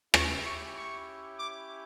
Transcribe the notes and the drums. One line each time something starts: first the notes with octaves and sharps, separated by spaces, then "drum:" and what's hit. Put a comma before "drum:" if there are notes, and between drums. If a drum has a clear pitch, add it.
C#4 E4 G4 C#6, drum: rim click
C#6
C#6
D6